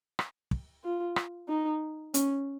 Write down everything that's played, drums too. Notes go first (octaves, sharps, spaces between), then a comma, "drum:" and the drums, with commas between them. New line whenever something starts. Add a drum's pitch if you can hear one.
drum: rim click
drum: kick
F4
drum: rim click
D#4
C#4, drum: hi-hat